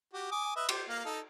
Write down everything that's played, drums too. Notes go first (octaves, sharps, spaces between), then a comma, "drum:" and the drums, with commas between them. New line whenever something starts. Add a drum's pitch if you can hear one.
F#4 G4
G#5 D6 D#6
B4 D#5 E5
G4 C5, drum: cymbal
A#3 F5
D#4 A4